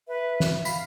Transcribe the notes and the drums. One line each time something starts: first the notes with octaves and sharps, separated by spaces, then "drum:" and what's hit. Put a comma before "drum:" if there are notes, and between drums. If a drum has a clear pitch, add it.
B4 E5
drum: snare
F5 B5, drum: tambourine